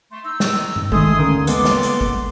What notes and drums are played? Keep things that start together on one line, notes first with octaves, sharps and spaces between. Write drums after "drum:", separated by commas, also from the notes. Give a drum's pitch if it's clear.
A3 C6
D#4 E6
drum: snare
drum: tom G2
D#3 G#3 A3 G#5 C6 D#6, drum: kick
D2 C#3 A#4
G#3 A#3 B3 A4 C6 D6, drum: hi-hat
drum: snare
drum: hi-hat
drum: kick